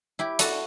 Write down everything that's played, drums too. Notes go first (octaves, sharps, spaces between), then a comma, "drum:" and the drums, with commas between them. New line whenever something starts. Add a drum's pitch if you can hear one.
E4 G4
F#4 A4, drum: hi-hat